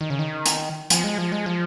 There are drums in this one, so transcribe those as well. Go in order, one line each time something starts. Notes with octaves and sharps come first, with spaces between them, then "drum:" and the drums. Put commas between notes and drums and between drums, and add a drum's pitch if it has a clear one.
D#3
C#3
D#3
drum: hi-hat
F3, drum: hi-hat
G#3
F3
G#3
F3